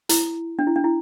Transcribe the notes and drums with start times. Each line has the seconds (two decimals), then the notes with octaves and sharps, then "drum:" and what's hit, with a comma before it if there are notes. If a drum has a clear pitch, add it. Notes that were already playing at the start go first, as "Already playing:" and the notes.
0.09 E4, drum: hi-hat
0.59 D4
0.67 E4
0.76 D4
0.84 E4